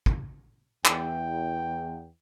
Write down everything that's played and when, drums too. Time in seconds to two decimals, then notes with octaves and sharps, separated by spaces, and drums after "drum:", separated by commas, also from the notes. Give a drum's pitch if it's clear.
0.06 drum: kick
0.85 E2 G5, drum: clap